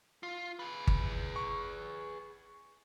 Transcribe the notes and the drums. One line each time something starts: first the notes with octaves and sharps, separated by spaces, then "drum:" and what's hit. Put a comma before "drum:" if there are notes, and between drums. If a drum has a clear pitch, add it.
F4
G#4 B4
drum: kick G1
C#6